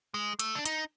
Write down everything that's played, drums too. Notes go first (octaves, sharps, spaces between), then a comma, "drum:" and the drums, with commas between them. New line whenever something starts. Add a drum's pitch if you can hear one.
G#3
A3, drum: hi-hat
D4
D#4, drum: hi-hat